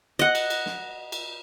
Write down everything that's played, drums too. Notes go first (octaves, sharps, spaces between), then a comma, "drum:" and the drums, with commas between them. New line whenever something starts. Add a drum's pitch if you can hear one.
D#5 F#5
drum: cymbal
drum: cymbal
drum: snare
drum: cymbal